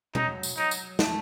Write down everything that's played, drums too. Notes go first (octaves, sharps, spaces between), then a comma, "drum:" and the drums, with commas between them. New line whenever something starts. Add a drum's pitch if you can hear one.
F#3 D#4, drum: tom B2
drum: tambourine
F#3 D#4
drum: tambourine
A3, drum: snare